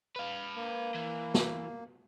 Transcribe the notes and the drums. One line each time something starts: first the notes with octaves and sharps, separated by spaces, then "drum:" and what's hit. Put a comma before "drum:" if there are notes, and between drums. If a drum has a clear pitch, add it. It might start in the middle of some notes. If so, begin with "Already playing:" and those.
B4 F5
A#3
E3
drum: snare